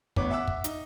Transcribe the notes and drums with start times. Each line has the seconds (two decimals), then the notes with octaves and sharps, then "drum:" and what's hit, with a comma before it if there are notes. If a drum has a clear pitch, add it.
0.16 A1 B3 C#5 D6, drum: kick
0.30 E5 F#5 D6 E6
0.48 drum: kick
0.64 D#4, drum: hi-hat